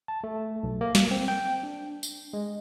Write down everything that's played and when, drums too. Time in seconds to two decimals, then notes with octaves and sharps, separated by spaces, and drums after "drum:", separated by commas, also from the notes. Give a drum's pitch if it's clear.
0.08 A5
0.24 A3
0.63 B1
0.81 A#3
0.95 drum: snare
1.11 C4
1.28 G5
1.63 D4
2.03 drum: tambourine
2.33 G#3